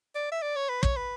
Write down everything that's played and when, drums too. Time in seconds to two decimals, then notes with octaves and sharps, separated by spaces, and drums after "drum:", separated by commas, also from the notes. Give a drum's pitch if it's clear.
0.15 D5
0.32 E5
0.42 D5
0.56 C#5
0.69 B4
0.83 C#5, drum: kick
0.97 B4